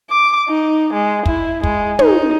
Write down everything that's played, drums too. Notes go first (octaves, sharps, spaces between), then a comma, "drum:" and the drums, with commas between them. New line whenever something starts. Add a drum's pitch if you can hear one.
D6
D#4
G#3
E4, drum: kick
G#3, drum: kick
D#4, drum: tom